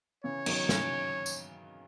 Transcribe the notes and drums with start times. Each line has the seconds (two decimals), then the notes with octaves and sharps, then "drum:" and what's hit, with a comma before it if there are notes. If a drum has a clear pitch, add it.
0.24 C#3 E3 C#5
0.46 D#3 F#3, drum: cymbal
0.69 C#3 E3, drum: snare
1.26 drum: tambourine